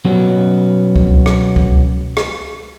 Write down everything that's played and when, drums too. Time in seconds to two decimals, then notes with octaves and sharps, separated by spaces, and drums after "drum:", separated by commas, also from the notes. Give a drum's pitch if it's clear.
0.05 B2 F#3 G3 B3 C#4
0.96 drum: kick C#2
1.26 drum: rim click
1.56 drum: kick C#2
2.17 drum: rim click